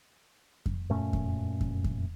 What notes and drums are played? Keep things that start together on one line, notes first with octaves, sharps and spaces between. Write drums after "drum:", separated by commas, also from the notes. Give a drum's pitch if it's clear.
drum: kick F2
F#2 A#2 A3 C#4
drum: kick F2
drum: kick F2
drum: kick F2